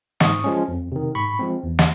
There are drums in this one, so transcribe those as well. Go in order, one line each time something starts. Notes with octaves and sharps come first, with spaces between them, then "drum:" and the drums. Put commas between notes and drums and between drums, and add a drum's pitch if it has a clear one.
G#2 C#6 D#6, drum: snare
F3 G#3 C#4
F2
C3 D#3
G#2 B5 C#6
F3 G#3 C4
E2
drum: snare